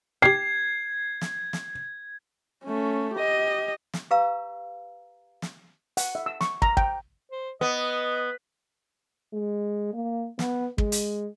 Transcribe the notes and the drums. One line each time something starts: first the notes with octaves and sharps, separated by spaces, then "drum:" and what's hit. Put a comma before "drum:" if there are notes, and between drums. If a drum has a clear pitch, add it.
G4 G5 G#6 C7
drum: snare
drum: snare
A3 C#4
G4 D#5
drum: snare
G4 B4 F5 A#5 E6
drum: snare
F#5, drum: hi-hat
E5
E6
C#6, drum: snare
A#5, drum: kick
G5, drum: kick
C5
B3 D#5
G#3
A#3
B3, drum: snare
G#3, drum: kick
drum: hi-hat